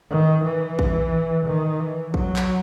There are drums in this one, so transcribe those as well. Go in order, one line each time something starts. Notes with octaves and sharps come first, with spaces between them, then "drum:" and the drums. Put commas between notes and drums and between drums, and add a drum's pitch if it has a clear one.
D#3
E3
drum: kick
D#3
E3
F#3, drum: kick
drum: clap